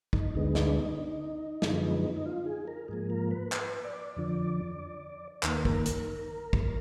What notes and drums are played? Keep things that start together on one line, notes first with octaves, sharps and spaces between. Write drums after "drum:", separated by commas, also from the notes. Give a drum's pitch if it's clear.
D#4, drum: kick
D2 D3 G#3 B3 D#4
D#4, drum: snare
D4
D#4
F#2 D3 F3 G#3 B3, drum: snare
D#4
F4
G#4
A#4
G#2 F3 A#3 G#4
A#4
B4
B4, drum: clap
D5
F2 D3 F3
D#2 D#3 A#3 B4, drum: clap
A#4, drum: kick
A#4, drum: hi-hat
drum: kick